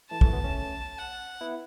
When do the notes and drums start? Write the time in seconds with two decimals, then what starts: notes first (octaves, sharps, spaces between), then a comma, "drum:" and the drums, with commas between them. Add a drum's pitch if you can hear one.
0.10 E3 A3 A5
0.21 E3 A3, drum: kick
0.33 F#3 B3
0.44 A3 C#4
0.98 F#5
1.41 B3 E4